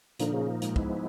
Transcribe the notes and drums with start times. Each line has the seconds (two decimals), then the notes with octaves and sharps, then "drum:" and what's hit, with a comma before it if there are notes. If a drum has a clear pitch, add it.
0.19 A#2 D3 F3 A#3 D#4, drum: hi-hat
0.34 C#3
0.62 G#2, drum: hi-hat
0.76 F3 G#3 B3 E4, drum: kick